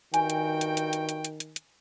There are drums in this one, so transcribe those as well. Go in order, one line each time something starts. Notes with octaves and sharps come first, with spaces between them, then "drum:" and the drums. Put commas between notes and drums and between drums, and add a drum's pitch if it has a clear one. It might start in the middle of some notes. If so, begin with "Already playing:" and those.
G2 D#3 F#4 G5 G#5, drum: hi-hat
drum: hi-hat
drum: hi-hat
drum: hi-hat
drum: hi-hat
drum: hi-hat
drum: hi-hat
drum: hi-hat
drum: hi-hat